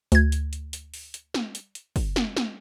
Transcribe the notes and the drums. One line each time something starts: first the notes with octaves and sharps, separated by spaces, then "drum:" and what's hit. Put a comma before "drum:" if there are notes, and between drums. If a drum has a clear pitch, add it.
D2 G#6, drum: hi-hat
drum: hi-hat
drum: hi-hat
drum: hi-hat
drum: open hi-hat
drum: hi-hat
drum: snare
drum: hi-hat
drum: hi-hat
drum: kick, open hi-hat
drum: snare
drum: snare